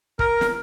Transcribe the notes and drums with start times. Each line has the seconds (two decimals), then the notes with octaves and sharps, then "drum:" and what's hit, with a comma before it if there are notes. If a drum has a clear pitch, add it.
0.19 A#4, drum: kick
0.41 drum: snare